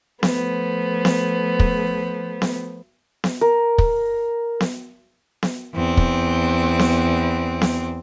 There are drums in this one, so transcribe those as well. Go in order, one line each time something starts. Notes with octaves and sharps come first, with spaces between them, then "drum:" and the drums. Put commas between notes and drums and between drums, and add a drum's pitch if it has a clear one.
F3 A3 B3 C5, drum: snare B3
drum: snare B3
drum: kick
drum: snare B3
drum: snare B3
A#4
drum: kick
drum: snare B3
drum: snare B3
E2 C4
drum: kick
drum: snare B3
drum: snare B3